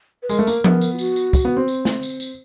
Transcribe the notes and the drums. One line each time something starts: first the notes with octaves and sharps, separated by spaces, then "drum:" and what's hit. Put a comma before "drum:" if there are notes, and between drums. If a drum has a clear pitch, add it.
B4
G#3 A#4, drum: tambourine
A3
A#3, drum: tambourine
B3, drum: tom F3
drum: tambourine
F4
F#4, drum: tambourine
drum: tambourine
drum: kick, tambourine
B3
C4
drum: tambourine
drum: snare A3
drum: tambourine
drum: tambourine